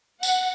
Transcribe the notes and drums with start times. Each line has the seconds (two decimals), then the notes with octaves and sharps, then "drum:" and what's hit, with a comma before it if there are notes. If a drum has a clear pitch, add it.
0.23 F#5, drum: tambourine